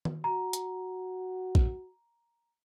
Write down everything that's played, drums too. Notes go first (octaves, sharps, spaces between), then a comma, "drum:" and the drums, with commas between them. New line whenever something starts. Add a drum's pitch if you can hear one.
drum: tom D#3
F#4 A#5
drum: hi-hat
drum: kick A#1